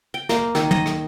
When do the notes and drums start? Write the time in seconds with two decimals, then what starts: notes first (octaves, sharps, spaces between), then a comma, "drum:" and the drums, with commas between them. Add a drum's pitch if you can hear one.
0.14 G5
0.29 A#3, drum: snare
0.55 D#3, drum: snare
0.71 D#5, drum: tom
0.86 drum: rim click